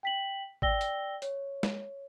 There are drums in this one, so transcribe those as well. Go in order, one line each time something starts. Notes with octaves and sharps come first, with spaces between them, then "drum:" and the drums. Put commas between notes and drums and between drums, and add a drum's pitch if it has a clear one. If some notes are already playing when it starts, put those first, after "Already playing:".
G5 B6 F#7
D5 G5 E6 A#6 G7, drum: kick G#1
drum: hi-hat
C#5, drum: hi-hat
drum: snare G#3